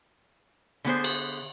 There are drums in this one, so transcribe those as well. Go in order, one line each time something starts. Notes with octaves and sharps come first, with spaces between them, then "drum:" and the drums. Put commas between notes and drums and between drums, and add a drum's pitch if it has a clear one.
D3 B3 G#4 C5
drum: cymbal